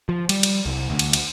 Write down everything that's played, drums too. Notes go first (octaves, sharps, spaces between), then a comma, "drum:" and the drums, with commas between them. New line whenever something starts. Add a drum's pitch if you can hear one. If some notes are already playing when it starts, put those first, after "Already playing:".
F3
G3, drum: cymbal
drum: cymbal
C2
D2
drum: cymbal
drum: cymbal